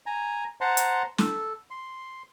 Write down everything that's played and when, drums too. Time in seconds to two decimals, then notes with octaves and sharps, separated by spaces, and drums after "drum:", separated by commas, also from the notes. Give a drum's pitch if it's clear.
0.06 G#5 A#5
0.61 C5 F#5 A5 A#5 C6
0.77 drum: hi-hat
1.18 A4, drum: snare
1.71 C6